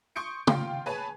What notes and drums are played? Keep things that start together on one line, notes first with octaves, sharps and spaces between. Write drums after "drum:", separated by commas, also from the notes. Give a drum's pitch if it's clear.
C6 C#6 D#6 G6 C#7 D7
F4 F5 G5 C6, drum: tom
G#4 B4 C#5 G#5 A5